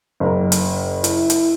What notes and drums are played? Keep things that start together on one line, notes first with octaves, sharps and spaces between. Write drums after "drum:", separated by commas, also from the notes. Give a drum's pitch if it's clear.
F#1 A#4
drum: hi-hat
E4, drum: hi-hat
drum: hi-hat